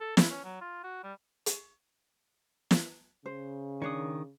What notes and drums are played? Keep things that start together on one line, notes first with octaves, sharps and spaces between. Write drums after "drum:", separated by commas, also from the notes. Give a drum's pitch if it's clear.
A4
E4, drum: snare
C#4
F#3
F4
F#4
G3
drum: hi-hat
drum: snare
C#3 C5
D#3 D4 C#5 D#6